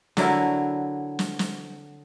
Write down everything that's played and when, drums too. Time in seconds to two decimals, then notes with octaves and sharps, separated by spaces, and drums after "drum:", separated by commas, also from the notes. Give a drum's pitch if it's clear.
0.17 D3 F#3 E4 A#4, drum: snare
1.19 drum: snare
1.39 drum: snare